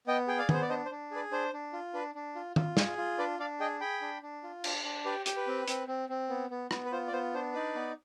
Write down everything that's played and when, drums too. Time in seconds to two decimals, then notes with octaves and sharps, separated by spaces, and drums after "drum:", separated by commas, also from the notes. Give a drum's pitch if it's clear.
0.07 B3 D#5 G5
0.28 G#4 G5
0.38 D5 F5
0.49 B3 C5, drum: tom
0.62 D5
0.69 D4 C5 D#5
0.85 C5
0.91 D4
1.11 G#4 B4 D5
1.31 D4 C5
1.53 D4
1.73 F4
1.94 D4 B4
2.15 D4
2.35 F4
2.56 F4, drum: tom
2.77 G#4, drum: snare
2.97 F4
3.18 D4 B4 D5
3.39 D4 D5 F5
3.60 G#4 D#5 G5
3.81 G#4 G5 B5
4.02 D4
4.22 D4
4.43 F4
4.64 D4, drum: cymbal
4.84 D4
5.05 G4 B4 D5
5.26 G4, drum: hi-hat
5.37 B4
5.47 C4
5.68 C4, drum: hi-hat
5.88 C4
6.09 C4
6.29 B3
6.50 B3
6.71 B3, drum: rim click
6.85 B4
6.92 F4 C5
7.07 D5
7.12 B3 C5
7.34 D4 C5
7.53 D#4 B4 D5
7.75 B3